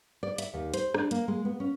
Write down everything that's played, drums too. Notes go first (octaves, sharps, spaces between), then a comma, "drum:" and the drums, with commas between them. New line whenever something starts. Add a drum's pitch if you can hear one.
D5
E5, drum: hi-hat
D#2
C5, drum: hi-hat
D4, drum: rim click
A#3, drum: hi-hat
G#3
B3
C#4